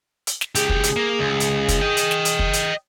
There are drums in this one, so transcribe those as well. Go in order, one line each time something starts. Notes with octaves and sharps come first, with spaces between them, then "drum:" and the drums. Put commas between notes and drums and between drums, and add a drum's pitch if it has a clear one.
drum: hi-hat
drum: snare
C#2 G4 G#4, drum: hi-hat
drum: kick
drum: hi-hat
A#3
C#2
drum: hi-hat
drum: kick, hi-hat
D#5 G5
drum: hi-hat
drum: snare
drum: hi-hat
drum: kick
drum: hi-hat